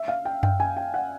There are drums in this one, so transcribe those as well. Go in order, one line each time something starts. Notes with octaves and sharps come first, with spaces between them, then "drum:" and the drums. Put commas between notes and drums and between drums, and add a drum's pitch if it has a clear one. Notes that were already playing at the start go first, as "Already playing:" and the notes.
Already playing: E5
F5
G5
G5, drum: tom F#2
G#5
G5
F#5